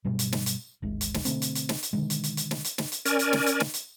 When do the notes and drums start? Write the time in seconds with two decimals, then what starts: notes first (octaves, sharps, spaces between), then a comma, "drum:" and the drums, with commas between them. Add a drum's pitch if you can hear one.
0.05 G2 B2 F#3 G3
0.19 drum: hi-hat
0.32 drum: snare
0.46 drum: hi-hat
0.82 D1 G#1 G#3
1.01 drum: hi-hat
1.14 drum: snare
1.25 B2 D3 A3 C4, drum: hi-hat
1.42 drum: hi-hat
1.55 drum: hi-hat
1.69 drum: snare
1.83 drum: hi-hat
1.93 B2 D3 D#3 G#3
2.10 drum: hi-hat
2.24 drum: hi-hat
2.37 drum: hi-hat
2.51 drum: snare
2.64 drum: hi-hat
2.78 drum: snare
2.92 drum: hi-hat
3.05 C#4 A#4 D5 G#5, drum: hi-hat
3.19 drum: hi-hat
3.33 drum: snare
3.46 drum: hi-hat
3.60 drum: snare
3.74 drum: hi-hat